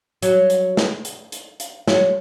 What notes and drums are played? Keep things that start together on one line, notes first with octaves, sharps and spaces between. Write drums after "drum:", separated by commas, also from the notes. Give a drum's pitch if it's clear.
F#3, drum: hi-hat
drum: hi-hat
drum: snare
drum: hi-hat
drum: hi-hat
drum: hi-hat
F#3, drum: snare